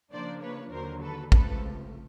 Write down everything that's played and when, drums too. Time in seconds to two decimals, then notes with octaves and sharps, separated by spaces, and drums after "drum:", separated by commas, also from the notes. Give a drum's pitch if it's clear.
0.12 C#3 F3 A#3 D4 C5 D5
0.42 B4 C#5
0.71 D#2 D3 F#3 A#4 C5
1.02 A4 B4
1.32 C#2 C3 F3 A3 A4 B4, drum: kick